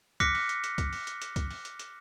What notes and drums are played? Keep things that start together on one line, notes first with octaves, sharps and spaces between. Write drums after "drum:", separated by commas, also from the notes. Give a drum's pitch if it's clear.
D6 F6 F#6 A#6 B6 C#7, drum: kick, hi-hat
drum: open hi-hat
drum: hi-hat
drum: hi-hat
drum: kick, hi-hat
drum: open hi-hat
drum: hi-hat
drum: hi-hat
drum: kick, hi-hat
drum: open hi-hat
drum: hi-hat
drum: hi-hat